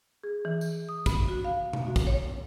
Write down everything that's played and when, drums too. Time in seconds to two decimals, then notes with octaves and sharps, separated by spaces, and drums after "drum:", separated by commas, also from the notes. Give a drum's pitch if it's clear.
0.24 G#4
0.45 E3
0.61 drum: tambourine
0.89 D#6
1.06 B5, drum: kick, tambourine
1.28 F#4
1.45 F5
1.73 drum: tom B2
1.87 F#4
1.96 drum: kick, tambourine
2.07 C#5